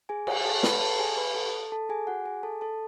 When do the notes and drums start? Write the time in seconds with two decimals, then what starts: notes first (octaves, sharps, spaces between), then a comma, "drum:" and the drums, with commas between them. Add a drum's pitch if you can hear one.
0.09 G#4 G#5
0.27 G#4 G#5, drum: cymbal
0.45 A4 A5
0.63 B4 B5, drum: snare
0.81 A4 A5
0.99 G#4 G#5
1.17 B4 B5
1.35 A4 A5
1.72 A4 A5
1.89 G#4 G#5
2.07 F#4 F#5
2.25 G#4 G#5
2.43 A4 A5
2.61 A4 A5